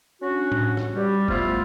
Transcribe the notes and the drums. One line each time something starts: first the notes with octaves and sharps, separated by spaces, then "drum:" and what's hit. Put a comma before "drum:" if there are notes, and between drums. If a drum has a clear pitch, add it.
C#4 D4 F#4
drum: tom A2
drum: rim click
G3
F3 A3 B3 E4 F4, drum: kick